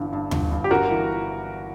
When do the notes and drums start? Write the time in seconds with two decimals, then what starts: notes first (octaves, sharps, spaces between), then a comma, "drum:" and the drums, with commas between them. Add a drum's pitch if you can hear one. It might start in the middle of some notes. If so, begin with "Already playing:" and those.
Already playing: G1 G2 E3
0.12 G2
0.31 G1, drum: tom D#2
0.51 G2
0.64 G4
0.71 G1 F#4 A#4
0.90 E3